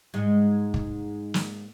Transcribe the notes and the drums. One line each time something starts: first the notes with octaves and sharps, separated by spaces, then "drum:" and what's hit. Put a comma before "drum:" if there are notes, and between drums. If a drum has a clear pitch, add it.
G#2 G#3
drum: kick
drum: snare